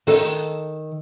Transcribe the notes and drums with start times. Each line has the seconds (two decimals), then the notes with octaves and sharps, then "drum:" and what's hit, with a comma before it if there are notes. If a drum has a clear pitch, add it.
0.07 D#3 A4 D#5, drum: open hi-hat